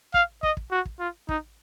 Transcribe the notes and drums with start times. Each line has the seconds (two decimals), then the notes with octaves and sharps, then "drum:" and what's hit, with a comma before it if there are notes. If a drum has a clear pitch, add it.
0.14 F5, drum: kick
0.43 D#5, drum: kick
0.57 drum: kick
0.72 F#4
0.86 drum: kick
1.00 F4
1.29 D#4, drum: kick